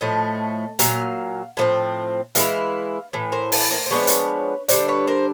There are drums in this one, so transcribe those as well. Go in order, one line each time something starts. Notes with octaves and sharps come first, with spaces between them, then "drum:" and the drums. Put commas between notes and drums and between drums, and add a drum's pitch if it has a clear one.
A2 F3 A3 D#5
A#2 F#3 F5, drum: hi-hat
A2 F3 A3 C4
E3 G#3 E4 F5, drum: hi-hat
A2 E3
A#4 C5
A4 B4, drum: open hi-hat
A#4 C5
C5
F3 G#3 B3 D4 B4 C#5
drum: hi-hat
D3 G3 B3 D4 C5 D5, drum: hi-hat
B4 C#5
A#4 C5